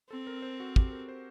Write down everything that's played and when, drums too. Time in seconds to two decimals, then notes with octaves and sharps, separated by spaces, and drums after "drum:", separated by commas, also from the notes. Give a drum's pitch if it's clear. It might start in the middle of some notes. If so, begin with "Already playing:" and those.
0.10 C4 A4
0.27 A#4
0.42 C5
0.60 F#4
0.76 G4, drum: kick
0.91 A#4
1.08 C5